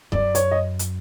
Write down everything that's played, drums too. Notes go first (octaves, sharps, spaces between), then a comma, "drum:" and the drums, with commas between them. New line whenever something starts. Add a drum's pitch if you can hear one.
F#2 D5, drum: kick D#1
C#5, drum: hi-hat
D#5
drum: hi-hat